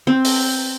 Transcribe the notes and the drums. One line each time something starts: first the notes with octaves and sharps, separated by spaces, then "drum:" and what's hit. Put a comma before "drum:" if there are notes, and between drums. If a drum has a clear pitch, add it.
C4
drum: open hi-hat